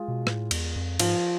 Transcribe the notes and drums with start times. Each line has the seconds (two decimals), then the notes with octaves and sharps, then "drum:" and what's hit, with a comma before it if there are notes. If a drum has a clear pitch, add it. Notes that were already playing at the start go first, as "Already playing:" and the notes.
Already playing: G#3 F4 G#4
0.08 B2
0.27 A2, drum: rim click
0.51 E2, drum: cymbal
0.76 F2
1.00 G#2 F3 F4, drum: cymbal